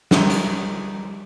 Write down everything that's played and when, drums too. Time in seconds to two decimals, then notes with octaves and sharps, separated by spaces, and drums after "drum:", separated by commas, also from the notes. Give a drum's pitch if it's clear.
0.11 D#3 G3, drum: snare
0.30 drum: hi-hat